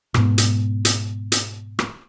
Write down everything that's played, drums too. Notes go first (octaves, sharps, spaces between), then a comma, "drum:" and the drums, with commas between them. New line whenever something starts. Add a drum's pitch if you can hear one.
G#2 B2, drum: rim click
drum: hi-hat
drum: hi-hat
drum: hi-hat
drum: rim click